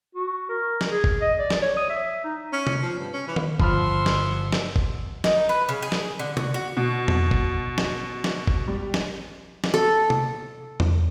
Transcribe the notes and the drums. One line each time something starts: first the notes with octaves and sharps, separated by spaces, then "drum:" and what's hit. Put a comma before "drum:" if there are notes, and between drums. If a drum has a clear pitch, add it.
F#4
A#4
drum: snare
G#4
drum: kick
D#5
D5
drum: snare
C#5
D#6
E5
D#4
C#4
drum: tom C3
F3
G2
C#4
E3
drum: tom D#3
G1 F3 E5 F#5 B5 C6 F6, drum: kick
drum: snare
drum: snare
drum: kick
D#4, drum: snare
B4
C#3
G#4
drum: snare
D3
F#4, drum: tom C3
F#4
B2
drum: tom E2
drum: kick
drum: snare
drum: snare
drum: kick
G3
drum: snare
drum: snare
A4
drum: tom C3
drum: tom E2